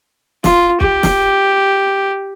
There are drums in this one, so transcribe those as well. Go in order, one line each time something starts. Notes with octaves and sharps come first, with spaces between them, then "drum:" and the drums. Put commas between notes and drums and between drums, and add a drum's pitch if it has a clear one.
F4, drum: snare
G4, drum: kick
drum: snare